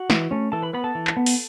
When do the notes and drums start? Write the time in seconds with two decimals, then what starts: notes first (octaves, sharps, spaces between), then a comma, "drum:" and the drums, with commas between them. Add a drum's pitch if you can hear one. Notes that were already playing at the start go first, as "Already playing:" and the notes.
Already playing: F#4 F#5
0.10 E3, drum: snare
0.31 A3 C#4
0.52 E3 A4 A5
0.63 B4 B5
0.73 B3 B4 B5
0.84 A4 A5
0.95 E3
1.07 drum: clap
1.17 B3
1.26 drum: open hi-hat